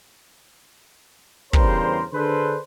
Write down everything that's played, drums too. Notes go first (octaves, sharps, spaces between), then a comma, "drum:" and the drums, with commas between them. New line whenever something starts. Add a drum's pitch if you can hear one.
E2 G2 C#3 G3 A#4 C5, drum: kick
D3 D4 G#4 A4 B4 C5